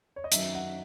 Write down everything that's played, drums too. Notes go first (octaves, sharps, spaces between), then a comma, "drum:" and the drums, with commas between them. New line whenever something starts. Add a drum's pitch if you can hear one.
C#5
D#5
F#2 D#3 F#3 E5, drum: hi-hat
F#5